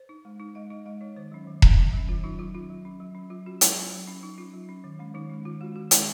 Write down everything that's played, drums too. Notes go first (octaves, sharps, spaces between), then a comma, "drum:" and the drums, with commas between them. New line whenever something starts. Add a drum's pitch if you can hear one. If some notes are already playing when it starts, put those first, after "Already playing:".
Already playing: C5
D#4
G#3
D#4
G#3 D#5
D#4 D#5
G#3 D#5
D#4 C#5
D#3 C5
F#3 C#4
D#3
F#3 C#4, drum: kick E1
D#3
F#3 C#4
D#3 F4
F#3 C#4 D#4
F#3 F4
C#4 F4
F#3
C#4
F#3
C#4
F#3 F4
C#4 F#4
F#3 F4, drum: hi-hat
C#4
F#3
C#4
F#3 D#4
C#4 F4
F#3
C#4
D#3
G#3 C#4
D#3 D#4
G#3 C#4
D#3 F4
G#3 C#4 F#4
D#3 F#4
G#3 C#4 D#4, drum: hi-hat